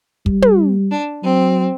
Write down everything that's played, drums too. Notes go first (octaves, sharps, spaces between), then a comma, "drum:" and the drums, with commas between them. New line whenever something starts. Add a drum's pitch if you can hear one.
G3, drum: kick
drum: tom
D4
F#3 C4